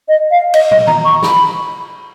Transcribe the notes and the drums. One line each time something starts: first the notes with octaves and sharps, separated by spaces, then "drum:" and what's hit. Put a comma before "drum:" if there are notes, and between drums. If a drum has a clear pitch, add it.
D#5
F5
D#5, drum: cymbal
D#5, drum: tom
A#5, drum: tom D#3
C#6
B5, drum: snare